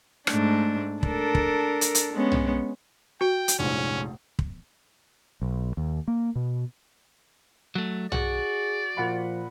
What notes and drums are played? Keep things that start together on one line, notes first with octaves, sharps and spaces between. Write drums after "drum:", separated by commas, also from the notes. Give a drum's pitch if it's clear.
G#2 A3 D4, drum: rim click
D4 A4 A#4, drum: kick
drum: kick
drum: hi-hat
drum: hi-hat
G#3 B3 C#4
drum: tom B1
F#4 G5
drum: hi-hat
F1 A#1 G#2 C#4
drum: kick
B1
D#2
A#3
B2
F#3 A3
F#4 G#4 D5, drum: tom B1
A#2 F3 F#5 B5